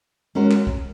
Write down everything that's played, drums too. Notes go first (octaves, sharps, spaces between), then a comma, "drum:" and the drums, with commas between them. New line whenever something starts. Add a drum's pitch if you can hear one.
G#3 C#4 F#4 A#4
drum: clap
drum: kick B1